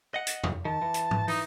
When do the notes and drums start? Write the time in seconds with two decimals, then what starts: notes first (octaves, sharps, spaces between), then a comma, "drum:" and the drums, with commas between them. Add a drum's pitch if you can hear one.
0.14 D#5 F#5
0.27 drum: hi-hat
0.44 drum: tom E2
0.65 D#3 A5
0.82 E3
0.94 drum: hi-hat
1.11 drum: tom G#2
1.28 E3 D#4, drum: open hi-hat